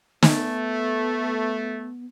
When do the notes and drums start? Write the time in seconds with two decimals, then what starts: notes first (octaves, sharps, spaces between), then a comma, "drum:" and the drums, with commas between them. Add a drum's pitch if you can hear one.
0.22 A3 B3, drum: snare